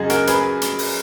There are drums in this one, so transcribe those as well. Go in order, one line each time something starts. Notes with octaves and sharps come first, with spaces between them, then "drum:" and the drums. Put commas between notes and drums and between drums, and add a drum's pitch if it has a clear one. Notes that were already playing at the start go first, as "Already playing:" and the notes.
Already playing: F#2 C#3 F#3 G#4 D#5
F#4 A#4, drum: hi-hat
G#4 B4, drum: hi-hat
drum: hi-hat
drum: open hi-hat